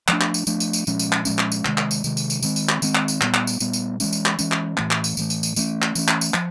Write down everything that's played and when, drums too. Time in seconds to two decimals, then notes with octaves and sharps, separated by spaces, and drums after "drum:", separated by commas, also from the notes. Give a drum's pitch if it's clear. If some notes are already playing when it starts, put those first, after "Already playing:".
0.08 F3 A3 D4, drum: clap
0.21 drum: clap
0.34 drum: tambourine
0.47 F3 A3 D4, drum: tambourine
0.60 drum: tambourine
0.73 drum: tambourine
0.87 A#2 F3 G#3 C#4, drum: tambourine
0.99 drum: tambourine
1.12 drum: clap
1.25 A#2 F3 G#3 C#4, drum: tambourine
1.39 drum: clap
1.52 drum: tambourine
1.65 C3 D#3 G#3, drum: clap
1.78 drum: clap
1.91 drum: tambourine
2.04 C3 D#3 G#3, drum: tambourine
2.17 drum: tambourine
2.30 drum: tambourine
2.43 D#3 G#3 C4, drum: tambourine
2.56 drum: tambourine
2.69 drum: clap
2.82 D#3 G#3 C4, drum: tambourine
2.95 drum: clap
3.08 drum: tambourine
3.21 A#2 G3 B3, drum: clap
3.34 drum: clap
3.47 drum: tambourine
3.60 A#2 G3 B3, drum: tambourine
3.73 drum: tambourine
4.00 E3 G#3 C#4, drum: tambourine
4.13 drum: tambourine
4.26 drum: clap
4.39 E3 G#3 C#4, drum: tambourine
4.52 drum: clap
4.77 A2 E3 A3, drum: clap
4.91 drum: clap
5.04 drum: tambourine
5.17 A2 E3 A3, drum: tambourine
5.30 drum: tambourine
5.43 drum: tambourine
5.56 E3 A3 C#4, drum: tambourine
5.82 drum: clap
5.95 E3 A3 C#4, drum: tambourine
6.08 drum: clap
6.21 drum: tambourine
6.34 F3, drum: clap